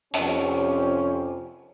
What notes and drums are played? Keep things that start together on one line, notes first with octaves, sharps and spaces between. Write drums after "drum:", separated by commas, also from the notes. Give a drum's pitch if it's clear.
F2 C3 C#4 G4 C5, drum: hi-hat